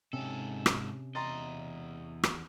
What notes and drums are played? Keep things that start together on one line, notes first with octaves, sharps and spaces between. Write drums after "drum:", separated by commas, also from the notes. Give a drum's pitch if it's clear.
G#2 C3 C#4 A4
drum: rim click
E2 D#5 A#5 C6 A6
drum: rim click